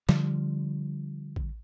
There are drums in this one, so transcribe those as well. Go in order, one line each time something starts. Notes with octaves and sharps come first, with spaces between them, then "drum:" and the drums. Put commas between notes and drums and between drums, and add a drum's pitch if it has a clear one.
D3 F3 G3, drum: snare
drum: kick A1